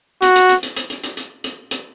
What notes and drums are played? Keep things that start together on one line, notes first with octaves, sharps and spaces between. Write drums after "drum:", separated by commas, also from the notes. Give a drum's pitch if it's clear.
F#4, drum: hi-hat
drum: hi-hat
drum: hi-hat
drum: hi-hat
drum: hi-hat
drum: hi-hat
drum: hi-hat
drum: hi-hat
drum: hi-hat
drum: hi-hat